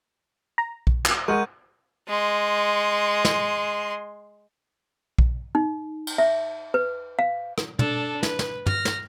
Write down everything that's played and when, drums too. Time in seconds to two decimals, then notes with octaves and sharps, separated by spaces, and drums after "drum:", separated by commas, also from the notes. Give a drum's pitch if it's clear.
0.58 A#5
0.87 drum: kick A#1
1.05 drum: clap
1.28 G#3 A#4 F#5 C#6 G6 D#7
2.08 G#3 C6
3.25 drum: snare
5.19 drum: kick A#1
5.55 D#4
6.07 drum: cymbal
6.18 E5
6.74 B4
7.19 F5
7.58 drum: rim click
7.79 D4 A4, drum: tom
8.23 B4, drum: snare
8.39 drum: snare
8.66 F6 A#6, drum: tom
8.85 drum: snare